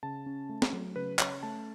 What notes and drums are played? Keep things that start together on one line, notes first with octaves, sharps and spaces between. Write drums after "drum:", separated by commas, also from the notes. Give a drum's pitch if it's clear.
C#3 A5
C#4
A3
drum: snare
F#3
C#3 B4
C#4 C#5, drum: clap
A3 A5